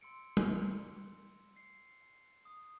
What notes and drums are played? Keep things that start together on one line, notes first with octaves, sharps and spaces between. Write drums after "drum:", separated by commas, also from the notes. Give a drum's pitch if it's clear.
C6 E6 C#7 D7
drum: tom G3
C7 C#7
D#6